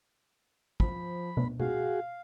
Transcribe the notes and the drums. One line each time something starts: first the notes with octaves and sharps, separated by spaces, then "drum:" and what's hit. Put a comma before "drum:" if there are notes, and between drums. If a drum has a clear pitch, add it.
F3 B5, drum: kick
drum: tom
F#4 G#4 F5, drum: tom B2